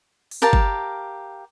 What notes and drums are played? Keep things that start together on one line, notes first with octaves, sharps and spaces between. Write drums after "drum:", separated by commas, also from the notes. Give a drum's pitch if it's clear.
drum: open hi-hat
G4 A#4 F5 A5
drum: kick G1